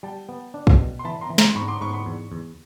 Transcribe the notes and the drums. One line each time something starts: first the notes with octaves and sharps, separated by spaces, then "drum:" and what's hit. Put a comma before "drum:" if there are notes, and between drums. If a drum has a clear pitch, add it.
G3 G5 A5
B3
D4
drum: kick
B2
C6
E3 A5 B5
A#5 C6
E3
A#5 C6, drum: snare
C6
G#2 B5 C#6
C6 D6
G#2 B5 C#6
B5 C#6
E2
E2